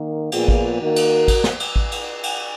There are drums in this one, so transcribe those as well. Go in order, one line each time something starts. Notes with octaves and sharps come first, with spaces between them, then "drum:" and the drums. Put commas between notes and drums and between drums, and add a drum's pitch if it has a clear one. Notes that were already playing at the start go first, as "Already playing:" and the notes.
Already playing: D#3 A#3
A#2 F3 B3 F4 G#4, drum: cymbal
drum: kick A1
D#3 A#3 F#4 A#4
drum: cymbal
drum: kick A1, cymbal
drum: snare
drum: cymbal
drum: kick A1
drum: cymbal
drum: cymbal